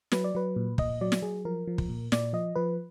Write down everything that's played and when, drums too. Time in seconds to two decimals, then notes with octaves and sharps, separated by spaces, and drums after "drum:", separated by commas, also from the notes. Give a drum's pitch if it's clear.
0.12 F#3 B4, drum: snare
0.24 D5
0.35 F#3 B4
0.56 A#2
0.78 A#2 D#5, drum: kick
1.01 F#3 D5
1.12 drum: snare
1.22 F#3 G#4
1.45 F3 A#4
1.67 F3
1.78 drum: kick
1.89 A#2
2.12 A#2 D5, drum: snare
2.33 F3 D#5
2.56 F3 B4